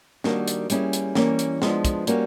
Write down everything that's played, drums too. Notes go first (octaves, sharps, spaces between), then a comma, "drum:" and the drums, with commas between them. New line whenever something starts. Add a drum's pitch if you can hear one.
D#3 G3 A#3 D4 F#4, drum: snare
drum: hi-hat
G3 A#3 C#4 E4 G#4, drum: hi-hat
drum: hi-hat
E3 G3 A#3 C#4, drum: snare
drum: hi-hat
F3 G#3 B3 D4, drum: snare
drum: kick, hi-hat
G3 A#3 C#4 F#4, drum: hi-hat